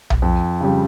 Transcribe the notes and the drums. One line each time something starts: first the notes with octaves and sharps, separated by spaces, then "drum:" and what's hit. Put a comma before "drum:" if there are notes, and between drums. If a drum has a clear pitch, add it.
drum: tom B1
F2
C#3 G3